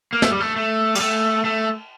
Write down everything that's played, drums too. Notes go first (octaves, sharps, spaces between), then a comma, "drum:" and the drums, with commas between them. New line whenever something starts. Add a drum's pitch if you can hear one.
A#3
A3, drum: snare
G3
A3
A3
G3, drum: cymbal
A3
A3